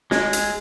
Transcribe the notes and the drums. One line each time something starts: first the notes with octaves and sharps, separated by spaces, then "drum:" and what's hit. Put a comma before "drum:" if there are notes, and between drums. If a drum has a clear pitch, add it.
G#3, drum: snare
drum: hi-hat